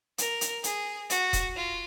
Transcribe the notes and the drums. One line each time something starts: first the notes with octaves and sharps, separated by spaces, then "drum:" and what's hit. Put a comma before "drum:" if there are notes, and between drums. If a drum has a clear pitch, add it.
A#4, drum: hi-hat
drum: hi-hat
G#4, drum: hi-hat
F#4, drum: hi-hat
drum: kick D#1, hi-hat
F4